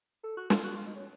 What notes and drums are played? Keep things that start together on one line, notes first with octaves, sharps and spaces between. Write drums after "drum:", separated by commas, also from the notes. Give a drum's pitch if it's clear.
A4
F#4
F4, drum: snare
F#4
F4
D#4
C#4